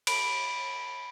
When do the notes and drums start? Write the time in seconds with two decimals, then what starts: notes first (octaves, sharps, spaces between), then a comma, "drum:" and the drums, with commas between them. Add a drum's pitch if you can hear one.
0.07 B5 D7, drum: cymbal